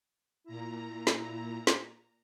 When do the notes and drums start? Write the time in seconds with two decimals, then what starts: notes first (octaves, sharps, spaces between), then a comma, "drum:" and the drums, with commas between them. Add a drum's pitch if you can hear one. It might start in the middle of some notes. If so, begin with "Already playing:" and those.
0.47 A#2 E4 A#5
1.07 drum: snare
1.67 drum: snare